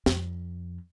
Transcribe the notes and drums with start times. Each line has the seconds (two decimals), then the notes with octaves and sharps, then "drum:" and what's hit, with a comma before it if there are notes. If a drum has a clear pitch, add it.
0.06 F2, drum: snare